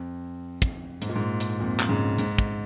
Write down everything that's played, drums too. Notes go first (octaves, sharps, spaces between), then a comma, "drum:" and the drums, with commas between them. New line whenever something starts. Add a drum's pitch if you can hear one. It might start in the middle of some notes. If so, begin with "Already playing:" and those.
Already playing: F2
drum: kick, hi-hat
G#2, drum: hi-hat
A#2
G#2
drum: hi-hat
F2 A#2
drum: clap
G#2 C#3
G#2, drum: hi-hat
drum: kick